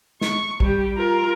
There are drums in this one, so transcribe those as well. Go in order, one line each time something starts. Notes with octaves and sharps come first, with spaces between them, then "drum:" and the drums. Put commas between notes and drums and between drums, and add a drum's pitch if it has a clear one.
C#6, drum: snare
G3 G4, drum: kick A#1
F4 A#4